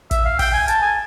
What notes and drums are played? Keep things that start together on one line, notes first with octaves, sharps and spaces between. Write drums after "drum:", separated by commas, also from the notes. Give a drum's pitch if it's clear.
E5, drum: kick, hi-hat
F5
G5, drum: kick, open hi-hat
G#5
A5, drum: hi-hat
G#5